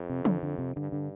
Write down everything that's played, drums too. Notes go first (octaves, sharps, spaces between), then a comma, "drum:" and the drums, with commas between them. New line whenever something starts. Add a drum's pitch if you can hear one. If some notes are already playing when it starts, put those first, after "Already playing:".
Already playing: F2
C3
D3, drum: tom
D3
C3
G2 D3
D3